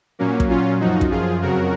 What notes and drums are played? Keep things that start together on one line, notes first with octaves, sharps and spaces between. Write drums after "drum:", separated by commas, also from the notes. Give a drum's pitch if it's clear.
A#2 F#3 A#3 C#4
drum: kick
C#4 F4
F#2 F3 D#4 F#4
drum: kick
F4 G#4
F2 C#3 F#3 F#4 A#4